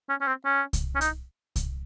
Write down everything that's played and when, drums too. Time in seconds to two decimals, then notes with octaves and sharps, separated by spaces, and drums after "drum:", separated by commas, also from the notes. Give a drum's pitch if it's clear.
0.09 C#4
0.21 C#4
0.27 C4
0.45 C#4
0.73 drum: kick C2, hi-hat
0.96 C#4
1.01 D#4, drum: hi-hat
1.56 drum: kick C2, hi-hat